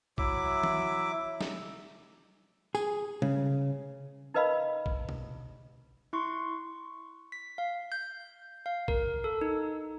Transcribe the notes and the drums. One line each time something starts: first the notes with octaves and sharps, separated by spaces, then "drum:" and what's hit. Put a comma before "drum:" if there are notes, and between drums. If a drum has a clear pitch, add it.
F#3 E4 E5 D6, drum: kick
drum: tom E3
drum: snare
G#4, drum: tambourine
C#3, drum: tom G3
D#4 A#4 B4 D#5 F5 B5
drum: kick
drum: tom B2
E4 C6 C#6
B6
F5
G6
F5
A#4, drum: kick
A4
D#4